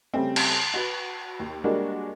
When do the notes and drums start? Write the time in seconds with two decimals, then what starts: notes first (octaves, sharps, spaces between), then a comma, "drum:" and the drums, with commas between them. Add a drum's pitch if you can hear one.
0.14 C#3 G3 A3 C4
0.36 drum: cymbal
0.74 F#4 B4
1.39 D#2
1.64 G3 G#3 A#3 D4 F#4 A#4